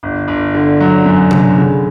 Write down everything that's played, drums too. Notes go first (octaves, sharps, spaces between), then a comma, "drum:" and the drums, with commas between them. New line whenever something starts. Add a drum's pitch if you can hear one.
G1
G1
D3
F#3
F#2
D3, drum: tom C3
C#3